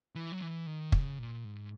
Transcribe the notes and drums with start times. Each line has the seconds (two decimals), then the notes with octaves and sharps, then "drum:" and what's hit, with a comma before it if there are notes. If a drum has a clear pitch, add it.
0.15 E3
0.32 F#3
0.41 E3
0.67 D#3
0.92 C#3, drum: kick
1.18 A#2
1.44 G#2